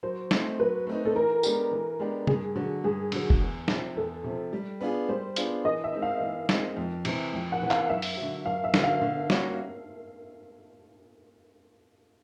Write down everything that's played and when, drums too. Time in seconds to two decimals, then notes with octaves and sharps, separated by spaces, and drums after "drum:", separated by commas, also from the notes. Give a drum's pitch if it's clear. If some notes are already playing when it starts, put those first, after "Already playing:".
0.03 F#3 C5
0.31 A3 C4 D#4, drum: snare
0.60 F#3 B4
0.87 A3 C4 D#4
1.05 A4
1.15 E3 A#4
1.43 G#3 B3 D4 G4, drum: tambourine
1.71 E3
1.99 G#3 B3 D4 G4
2.27 G2 G#4, drum: tom
2.56 D3 F#3
2.84 G2 G#4
3.12 D3 F#3, drum: cymbal
3.30 drum: kick F#1
3.40 E2
3.68 C3 F3, drum: snare
3.96 E2 A4
4.24 C3 F3
4.53 G3
4.81 B3 D4 F4 G#4
5.09 G3 C5
5.36 B3 D4 F4 G#4, drum: hi-hat
5.65 E3 D#5
5.84 E5
5.93 G#3 C4 D#4
6.02 F5
6.21 E3
6.49 G#3 C4 D#4, drum: snare
6.77 F2
7.05 C3 E3, drum: cymbal
7.33 F2
7.52 F#5
7.62 C3 E3
7.71 F5, drum: clap
7.89 F#2 E5
8.02 drum: open hi-hat
8.17 D3 F#3
8.46 F#2 F5
8.64 E5
8.74 D3 F#3, drum: snare
8.84 F5
9.02 D3
9.30 G3 A#3 C#4 F#4, drum: snare